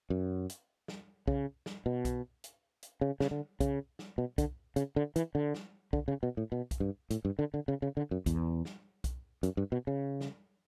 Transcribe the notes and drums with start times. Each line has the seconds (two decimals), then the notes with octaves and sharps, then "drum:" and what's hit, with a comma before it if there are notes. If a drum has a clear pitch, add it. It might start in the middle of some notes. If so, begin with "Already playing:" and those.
0.10 F#2
0.49 drum: hi-hat
0.88 drum: snare
1.28 C#3, drum: kick B1
1.66 drum: snare
1.86 B2
2.05 drum: kick B1, hi-hat
2.44 drum: hi-hat
2.83 drum: hi-hat
3.01 C#3
3.20 C#3, drum: snare
3.31 D3
3.60 C#3, drum: kick B1, hi-hat
3.99 drum: snare
4.18 B2
4.38 D3, drum: kick B1, hi-hat
4.76 C#3, drum: hi-hat
4.96 D3
5.16 E3, drum: hi-hat
5.35 D3
5.54 drum: snare
5.93 D3, drum: kick B1
6.08 C#3
6.23 B2
6.37 A2
6.52 B2
6.71 drum: kick B1, hi-hat
6.80 G2
7.10 A2, drum: hi-hat
7.25 G2
7.39 D3
7.54 D3
7.68 C#3
7.82 C#3
7.97 D3
8.11 F#2
8.26 E2, drum: kick B1, hi-hat
8.65 drum: snare
9.04 drum: kick B1, hi-hat
9.43 F#2, drum: hi-hat
9.57 G2
9.72 B2
9.87 C#3
10.21 drum: snare